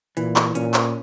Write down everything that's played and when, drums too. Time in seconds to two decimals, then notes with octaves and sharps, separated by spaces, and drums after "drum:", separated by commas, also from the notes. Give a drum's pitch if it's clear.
0.17 A#2 E3, drum: hi-hat
0.36 drum: clap
0.55 A#2 C#4, drum: hi-hat
0.74 drum: clap